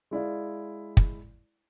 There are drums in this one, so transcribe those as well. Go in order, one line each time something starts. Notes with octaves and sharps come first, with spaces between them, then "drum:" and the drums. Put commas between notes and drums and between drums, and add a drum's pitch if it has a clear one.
G#3 E4 D5 F5
drum: kick